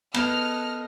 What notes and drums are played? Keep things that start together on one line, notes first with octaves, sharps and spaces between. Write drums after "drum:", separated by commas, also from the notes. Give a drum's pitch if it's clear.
B3 A4 D#5 F6, drum: cymbal